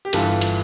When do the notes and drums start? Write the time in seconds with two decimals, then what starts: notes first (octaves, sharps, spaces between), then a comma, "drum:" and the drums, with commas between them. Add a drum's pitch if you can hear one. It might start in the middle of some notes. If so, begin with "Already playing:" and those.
0.05 G4
0.13 G1 G2 E3 F4 A4, drum: hi-hat
0.42 drum: hi-hat